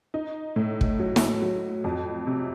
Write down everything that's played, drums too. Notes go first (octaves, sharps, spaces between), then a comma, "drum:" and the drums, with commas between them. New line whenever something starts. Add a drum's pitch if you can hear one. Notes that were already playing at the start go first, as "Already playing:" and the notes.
D#4
A2
drum: kick
F#3
drum: snare
F#3
F2
C3